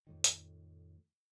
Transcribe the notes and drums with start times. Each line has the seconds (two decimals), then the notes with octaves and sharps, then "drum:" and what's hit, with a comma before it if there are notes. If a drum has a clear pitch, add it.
0.07 F2 A2 D#3
0.24 drum: hi-hat